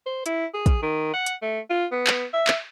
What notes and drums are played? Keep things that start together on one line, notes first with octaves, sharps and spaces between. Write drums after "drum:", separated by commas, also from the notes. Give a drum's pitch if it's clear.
C5
E4, drum: hi-hat
G#4
drum: kick, hi-hat
D#3
F#5
drum: hi-hat
A3
F4
B3
drum: clap
E5
drum: clap